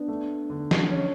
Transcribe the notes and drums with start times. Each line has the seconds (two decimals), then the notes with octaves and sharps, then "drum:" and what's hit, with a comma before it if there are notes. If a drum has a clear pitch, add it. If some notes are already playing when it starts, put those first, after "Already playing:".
Already playing: B3 D4
0.08 A3
0.50 D3
0.71 drum: snare
0.91 C#4